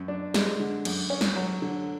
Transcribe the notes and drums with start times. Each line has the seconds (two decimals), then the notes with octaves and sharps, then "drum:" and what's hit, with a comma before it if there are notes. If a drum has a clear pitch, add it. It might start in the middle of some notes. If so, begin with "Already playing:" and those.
Already playing: F#2
0.08 D4
0.34 G#3, drum: snare
0.60 D3
0.85 F#2, drum: cymbal
1.10 C#4
1.21 drum: snare
1.36 F#3
1.62 D3